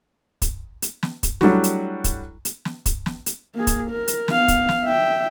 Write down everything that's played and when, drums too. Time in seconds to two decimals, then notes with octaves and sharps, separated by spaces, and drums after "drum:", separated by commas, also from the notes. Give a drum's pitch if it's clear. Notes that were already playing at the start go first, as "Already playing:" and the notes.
0.42 drum: kick, hi-hat
0.82 drum: hi-hat
1.03 drum: snare
1.23 drum: kick, hi-hat
1.41 F#3 G3 A3 D4 E4 F#4, drum: snare
1.64 drum: hi-hat
2.04 drum: kick, hi-hat
2.45 drum: hi-hat
2.65 drum: snare
2.86 drum: kick, hi-hat
3.06 drum: snare
3.26 drum: hi-hat
3.55 A#3 G#4
3.67 drum: kick, hi-hat
3.90 A#4
4.08 drum: hi-hat
4.28 B3 F5, drum: snare
4.48 drum: kick, hi-hat
4.69 drum: snare
4.84 E5 G5